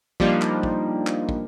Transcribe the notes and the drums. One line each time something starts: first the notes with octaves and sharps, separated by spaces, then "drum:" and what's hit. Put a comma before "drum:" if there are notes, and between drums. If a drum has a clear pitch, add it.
F3 G3 A#3 D4 D#4, drum: kick
drum: clap
drum: kick
drum: clap
drum: kick